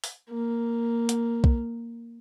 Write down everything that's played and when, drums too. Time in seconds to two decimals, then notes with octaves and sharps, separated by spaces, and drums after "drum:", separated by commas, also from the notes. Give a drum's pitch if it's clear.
0.04 drum: open hi-hat
0.30 A#3
1.09 drum: hi-hat
1.44 drum: kick